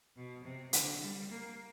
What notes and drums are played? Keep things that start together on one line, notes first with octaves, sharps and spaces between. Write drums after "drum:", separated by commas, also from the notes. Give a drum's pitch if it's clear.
B2
C3
D3, drum: hi-hat
G3
A#3